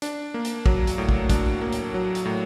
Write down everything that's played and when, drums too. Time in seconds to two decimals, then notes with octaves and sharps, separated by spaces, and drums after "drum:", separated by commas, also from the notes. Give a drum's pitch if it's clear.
0.02 D4, drum: hi-hat
0.34 A#3
0.45 drum: hi-hat
0.66 F#3, drum: kick
0.87 drum: hi-hat
0.98 A2
1.09 drum: kick
1.30 D4, drum: kick, hi-hat
1.61 A#3
1.72 drum: hi-hat
1.94 F#3
2.15 drum: hi-hat
2.25 A2